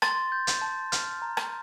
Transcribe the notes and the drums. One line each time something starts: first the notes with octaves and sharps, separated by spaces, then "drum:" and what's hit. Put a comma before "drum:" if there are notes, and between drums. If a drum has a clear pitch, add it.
C6 A6, drum: rim click
G6
drum: hi-hat
A5
F6, drum: hi-hat
A#5
drum: rim click